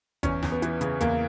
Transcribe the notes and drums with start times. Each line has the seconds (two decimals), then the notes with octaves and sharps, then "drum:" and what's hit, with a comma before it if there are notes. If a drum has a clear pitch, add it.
0.23 E2 C#4, drum: kick, hi-hat
0.42 E2, drum: snare
0.52 B3
0.62 E3, drum: hi-hat
0.81 C#3, drum: hi-hat
1.01 E2 A#3, drum: hi-hat